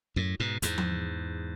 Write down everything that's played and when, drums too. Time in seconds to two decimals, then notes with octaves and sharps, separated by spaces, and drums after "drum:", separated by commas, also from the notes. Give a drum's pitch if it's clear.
0.16 F#2 A2
0.40 G#2 B2
0.62 E2 G#2, drum: hi-hat
0.78 drum: tom F3